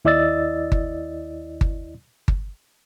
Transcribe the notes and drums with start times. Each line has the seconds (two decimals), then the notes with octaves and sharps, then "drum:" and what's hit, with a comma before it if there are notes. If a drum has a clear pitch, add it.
0.05 D#2 E4 D5 D#5 E6 A6
0.72 drum: kick G1
1.61 drum: kick G1
2.28 drum: kick G1